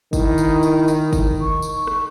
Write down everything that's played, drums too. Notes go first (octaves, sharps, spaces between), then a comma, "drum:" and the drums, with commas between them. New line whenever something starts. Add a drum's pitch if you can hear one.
D#3 E4, drum: kick, tambourine
drum: tambourine
drum: tambourine
drum: tambourine
drum: kick, tambourine
C#6
drum: tambourine
drum: rim click